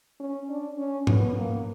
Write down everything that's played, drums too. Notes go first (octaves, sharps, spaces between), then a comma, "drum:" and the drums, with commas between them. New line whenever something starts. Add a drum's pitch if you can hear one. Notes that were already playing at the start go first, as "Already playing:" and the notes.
C#4
D4
C#4
B3, drum: tom G#2
A#3